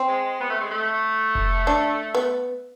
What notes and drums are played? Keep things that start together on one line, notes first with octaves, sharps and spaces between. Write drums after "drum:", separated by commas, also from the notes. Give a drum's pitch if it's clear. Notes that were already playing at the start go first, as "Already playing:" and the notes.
Already playing: C4
G#3
B3
A3
G#3
A3
drum: kick F1
D4
B3